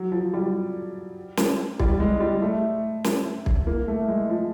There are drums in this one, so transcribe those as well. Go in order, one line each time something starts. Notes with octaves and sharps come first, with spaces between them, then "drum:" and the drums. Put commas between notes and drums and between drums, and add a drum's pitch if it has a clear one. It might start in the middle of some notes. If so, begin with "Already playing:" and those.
Already playing: F#3
F3
G3
drum: snare
G3, drum: kick
G#3
G3
A3
drum: snare
drum: kick
A#3
A3
G#3
F3